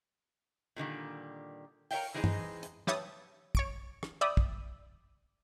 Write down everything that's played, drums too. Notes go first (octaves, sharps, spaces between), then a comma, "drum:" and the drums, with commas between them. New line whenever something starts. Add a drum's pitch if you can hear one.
A#2 D3 D#3 G3
A#4 C#5 E5 F5 G5, drum: open hi-hat
E3 G#3 C4 D#4 G#4
drum: tom G2
drum: hi-hat
G4 B4 C#5 E5 A5 D#6, drum: snare
C#5 C#6 D7, drum: kick
drum: rim click
D5 E5 G5 B5 D6 D#6
drum: kick